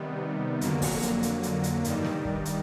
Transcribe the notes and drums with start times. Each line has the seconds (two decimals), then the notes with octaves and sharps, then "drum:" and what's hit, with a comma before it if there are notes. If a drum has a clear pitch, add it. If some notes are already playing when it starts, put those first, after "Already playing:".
Already playing: C3 D#3 G3 B3
0.61 F2 D3 F#3 A#3, drum: hi-hat
0.82 drum: kick, open hi-hat
1.02 drum: hi-hat
1.23 drum: hi-hat
1.43 drum: hi-hat
1.64 drum: hi-hat
1.84 G2 D#3 G3, drum: hi-hat
2.04 drum: snare
2.25 drum: kick
2.45 drum: hi-hat